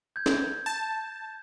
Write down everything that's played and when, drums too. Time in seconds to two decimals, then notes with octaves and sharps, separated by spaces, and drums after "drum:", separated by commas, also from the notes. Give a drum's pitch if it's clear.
0.16 G6 G#6
0.26 drum: snare
0.66 A5